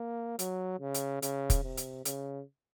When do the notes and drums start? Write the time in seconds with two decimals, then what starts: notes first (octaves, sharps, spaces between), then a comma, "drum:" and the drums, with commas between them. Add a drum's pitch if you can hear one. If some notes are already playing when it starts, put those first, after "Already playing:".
Already playing: A#3
0.39 F#3, drum: hi-hat
0.80 C#3
0.94 drum: hi-hat
1.22 C#3, drum: hi-hat
1.50 drum: kick, hi-hat
1.63 C3
1.77 drum: hi-hat
2.05 C#3, drum: hi-hat